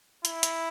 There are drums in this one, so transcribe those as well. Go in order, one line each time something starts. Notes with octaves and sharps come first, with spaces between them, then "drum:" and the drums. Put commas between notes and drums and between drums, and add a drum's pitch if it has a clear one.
E4, drum: hi-hat
drum: hi-hat